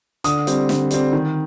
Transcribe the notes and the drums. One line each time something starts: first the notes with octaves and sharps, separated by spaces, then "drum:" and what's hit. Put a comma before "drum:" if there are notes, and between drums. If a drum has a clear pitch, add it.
D3 D#6, drum: hi-hat
G3 C4, drum: hi-hat
D3, drum: snare
G3 C4, drum: hi-hat
D#3